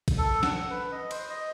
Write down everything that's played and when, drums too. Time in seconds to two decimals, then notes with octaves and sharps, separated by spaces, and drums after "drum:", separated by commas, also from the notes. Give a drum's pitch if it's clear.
0.08 drum: kick, cymbal
0.18 A4
0.43 F#5, drum: snare
0.71 B4
0.92 D#5
1.11 C5, drum: cymbal
1.30 D#5